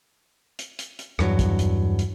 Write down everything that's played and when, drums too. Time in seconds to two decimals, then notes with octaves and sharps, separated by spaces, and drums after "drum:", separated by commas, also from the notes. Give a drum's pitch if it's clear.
0.59 drum: hi-hat
0.79 drum: hi-hat
0.99 drum: hi-hat
1.19 E2 G2 F#3, drum: rim click
1.39 drum: kick, hi-hat
1.59 drum: hi-hat
1.99 drum: hi-hat